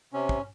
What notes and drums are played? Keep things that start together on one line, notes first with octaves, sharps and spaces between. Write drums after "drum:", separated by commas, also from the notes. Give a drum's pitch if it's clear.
C3 C#4
drum: kick